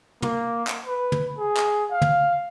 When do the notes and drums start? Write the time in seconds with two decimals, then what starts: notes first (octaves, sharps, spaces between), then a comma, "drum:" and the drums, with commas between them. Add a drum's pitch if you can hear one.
0.22 A#3, drum: tom
0.67 drum: clap
0.85 B4
1.12 drum: tom
1.38 G#4
1.57 drum: clap
1.91 F5
2.02 drum: tom